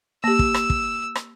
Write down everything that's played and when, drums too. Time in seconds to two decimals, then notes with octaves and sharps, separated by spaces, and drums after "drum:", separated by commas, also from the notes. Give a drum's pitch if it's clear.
0.24 A#3 G4 E6
0.39 drum: kick
0.54 drum: rim click
0.70 drum: kick
1.15 drum: rim click